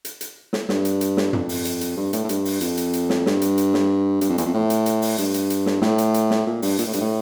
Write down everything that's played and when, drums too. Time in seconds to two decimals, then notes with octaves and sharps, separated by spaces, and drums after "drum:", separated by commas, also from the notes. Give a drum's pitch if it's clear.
0.05 drum: hi-hat
0.21 drum: hi-hat
0.53 drum: snare
0.69 G2, drum: snare
0.85 drum: hi-hat
1.01 drum: hi-hat
1.17 drum: snare
1.33 F2, drum: tom
1.49 drum: open hi-hat
1.65 drum: hi-hat
1.81 drum: hi-hat
1.97 G2
2.13 A2, drum: hi-hat
2.24 A2
2.29 G2, drum: hi-hat
2.45 drum: open hi-hat
2.61 F2, drum: hi-hat
2.77 drum: hi-hat
2.93 drum: hi-hat
3.09 drum: snare
3.26 G2, drum: snare
3.42 drum: hi-hat
3.58 drum: hi-hat
3.74 drum: snare
4.21 G2, drum: hi-hat
4.29 F2
4.38 E2, drum: hi-hat
4.46 F2
4.54 A2
4.70 drum: hi-hat
4.86 drum: hi-hat
5.02 drum: open hi-hat
5.18 G2, drum: hi-hat
5.34 drum: hi-hat
5.50 drum: hi-hat
5.66 drum: snare
5.82 A2, drum: snare
5.98 drum: hi-hat
6.14 drum: hi-hat
6.30 drum: snare
6.46 A#2
6.62 G2, drum: open hi-hat
6.79 A#2, drum: hi-hat
6.87 A2
6.93 G2, drum: hi-hat
7.01 A2